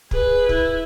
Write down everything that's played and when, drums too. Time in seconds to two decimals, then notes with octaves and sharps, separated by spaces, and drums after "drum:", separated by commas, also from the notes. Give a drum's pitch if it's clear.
0.11 G#4 B4, drum: kick
0.49 E4, drum: kick